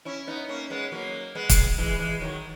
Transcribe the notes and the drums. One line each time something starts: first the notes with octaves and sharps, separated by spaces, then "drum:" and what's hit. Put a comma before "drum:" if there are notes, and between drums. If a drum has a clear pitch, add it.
C#4 E4
B3 D#4
A#3 C#4
G#3 B3
F#3 A#3
G#3 B3
drum: kick, hi-hat
E3 G#3
E3 G#3
D#3 F#3